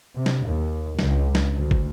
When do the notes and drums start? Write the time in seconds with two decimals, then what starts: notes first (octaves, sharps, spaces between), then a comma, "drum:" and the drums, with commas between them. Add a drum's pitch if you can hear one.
0.16 C3
0.26 drum: snare
0.45 D#2
0.99 C#2, drum: snare
1.35 drum: snare
1.56 D2
1.71 drum: kick